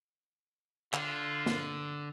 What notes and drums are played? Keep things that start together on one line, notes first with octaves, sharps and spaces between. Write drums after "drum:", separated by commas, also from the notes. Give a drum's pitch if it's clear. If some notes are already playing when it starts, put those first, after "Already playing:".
D3 F4, drum: clap
drum: snare